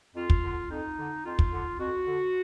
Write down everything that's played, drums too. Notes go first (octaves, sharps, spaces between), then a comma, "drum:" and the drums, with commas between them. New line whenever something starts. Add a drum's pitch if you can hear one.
F2 F4
drum: kick
D3
F2 D#4
D3
F2 F4
drum: kick
D3
F2 F#4
D3